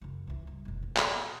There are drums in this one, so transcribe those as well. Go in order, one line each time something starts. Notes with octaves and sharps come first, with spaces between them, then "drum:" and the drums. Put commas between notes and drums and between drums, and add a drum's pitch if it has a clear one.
F#2 C#3
C#2 E3
G2
F1 B2
F2
A#2, drum: clap